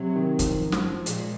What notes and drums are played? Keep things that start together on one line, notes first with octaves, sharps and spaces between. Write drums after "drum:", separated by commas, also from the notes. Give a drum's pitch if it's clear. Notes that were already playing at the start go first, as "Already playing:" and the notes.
Already playing: C3 F#3
D#3
F3, drum: kick, hi-hat
F#2
drum: snare
F3
A#2 G#3, drum: hi-hat